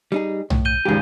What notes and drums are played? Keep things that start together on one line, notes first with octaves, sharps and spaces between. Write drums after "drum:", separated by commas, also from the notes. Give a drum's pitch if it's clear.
G3 D#4 G#4
A2, drum: tom
G6 D#7 G7
G#1 C#2 G#2 G4 G#4